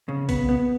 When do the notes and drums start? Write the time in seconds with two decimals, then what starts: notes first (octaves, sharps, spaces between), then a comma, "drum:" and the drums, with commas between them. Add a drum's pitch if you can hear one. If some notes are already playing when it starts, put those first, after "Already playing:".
0.09 C#3
0.29 B3, drum: kick, open hi-hat
0.49 B3